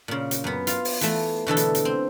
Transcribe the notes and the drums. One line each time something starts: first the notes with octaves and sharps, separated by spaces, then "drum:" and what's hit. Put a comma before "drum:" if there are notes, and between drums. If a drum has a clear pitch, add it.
A#2 C#3
drum: hi-hat
F#2 B3
F4 F5, drum: hi-hat
drum: open hi-hat
E3 A3, drum: hi-hat
B2 D3 E3 A4
drum: hi-hat
drum: hi-hat
C4